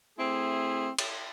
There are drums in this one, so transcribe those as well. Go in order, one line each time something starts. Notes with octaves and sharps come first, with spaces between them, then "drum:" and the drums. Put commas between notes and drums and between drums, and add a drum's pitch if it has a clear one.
A3 C4 E4 G#4
drum: cymbal